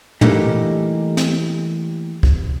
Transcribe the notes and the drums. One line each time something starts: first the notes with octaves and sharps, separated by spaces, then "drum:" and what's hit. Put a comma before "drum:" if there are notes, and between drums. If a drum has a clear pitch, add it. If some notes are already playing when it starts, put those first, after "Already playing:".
E3 G3 A3 A#3 D4 D#4, drum: tom A#2
drum: snare
drum: kick